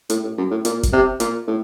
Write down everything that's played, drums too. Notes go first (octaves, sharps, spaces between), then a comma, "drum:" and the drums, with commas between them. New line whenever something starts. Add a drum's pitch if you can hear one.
A2, drum: hi-hat
A2
F#2
A2
A#2, drum: hi-hat
drum: kick G1, hi-hat
C3
A#2, drum: hi-hat
A2